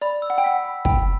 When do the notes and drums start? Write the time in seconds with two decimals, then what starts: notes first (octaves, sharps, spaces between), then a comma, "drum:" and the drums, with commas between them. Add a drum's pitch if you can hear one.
0.01 D5 B5
0.22 E6
0.30 F#5
0.38 G5
0.44 F#5 B6
0.65 B5
0.85 G5 B5, drum: kick